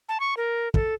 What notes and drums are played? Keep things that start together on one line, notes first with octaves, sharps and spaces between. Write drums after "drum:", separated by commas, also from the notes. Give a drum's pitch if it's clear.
A5
C#6
A#4
A4, drum: kick